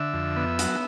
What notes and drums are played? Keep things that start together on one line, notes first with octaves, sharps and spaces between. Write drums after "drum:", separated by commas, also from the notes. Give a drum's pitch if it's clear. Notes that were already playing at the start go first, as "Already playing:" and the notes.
Already playing: D3 E5
F2
B3
F#3, drum: hi-hat